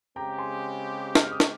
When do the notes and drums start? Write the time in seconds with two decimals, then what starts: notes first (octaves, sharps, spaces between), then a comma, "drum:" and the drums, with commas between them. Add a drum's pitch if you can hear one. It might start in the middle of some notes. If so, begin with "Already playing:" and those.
0.16 C#3 G#3 C4 G4 G5 A#5
0.38 G#5 C6
1.15 G6, drum: snare
1.24 F6
1.32 D#6
1.40 C#6, drum: snare